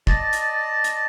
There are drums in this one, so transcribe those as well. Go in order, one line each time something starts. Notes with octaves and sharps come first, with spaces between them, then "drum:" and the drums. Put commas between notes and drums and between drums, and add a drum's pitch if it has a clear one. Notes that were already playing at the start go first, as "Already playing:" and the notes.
D5 D#5 A5, drum: kick
drum: hi-hat
drum: hi-hat